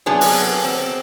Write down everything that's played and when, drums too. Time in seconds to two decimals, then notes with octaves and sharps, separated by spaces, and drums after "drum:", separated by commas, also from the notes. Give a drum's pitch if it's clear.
0.06 C3 F#3 B3 D4 G#4
0.21 drum: open hi-hat
0.64 C4